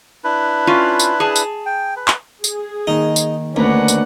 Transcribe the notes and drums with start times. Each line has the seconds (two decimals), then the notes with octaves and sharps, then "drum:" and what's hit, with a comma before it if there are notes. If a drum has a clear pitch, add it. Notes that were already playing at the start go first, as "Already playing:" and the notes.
0.24 D4 E4 B4
0.67 C#4 F4
0.99 drum: tambourine
1.20 G#4 A5
1.36 drum: tambourine
1.66 G5
1.96 B4
2.08 drum: clap
2.44 G#4, drum: tambourine
2.87 D#3 A#3 D#4
3.16 drum: tambourine
3.56 D2 A#3 C#4 D4 B4 F#5 A#5
3.88 drum: tambourine